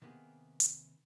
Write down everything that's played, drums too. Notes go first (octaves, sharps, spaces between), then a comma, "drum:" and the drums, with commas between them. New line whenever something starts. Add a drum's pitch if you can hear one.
C3 D#3 A#3 B3 G4 G#4
drum: hi-hat